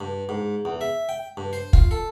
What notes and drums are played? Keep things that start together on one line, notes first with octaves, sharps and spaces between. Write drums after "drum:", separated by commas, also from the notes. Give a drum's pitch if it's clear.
G2
G#2
E2
E5
G5
G2
C5
F4, drum: kick
A4